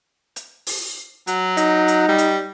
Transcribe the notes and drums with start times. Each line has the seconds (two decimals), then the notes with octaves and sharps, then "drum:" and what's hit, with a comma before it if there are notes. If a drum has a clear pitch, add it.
0.36 drum: hi-hat
0.67 drum: open hi-hat
1.27 F#3, drum: hi-hat
1.57 D#4, drum: hi-hat
1.88 drum: hi-hat
2.08 G3
2.18 drum: hi-hat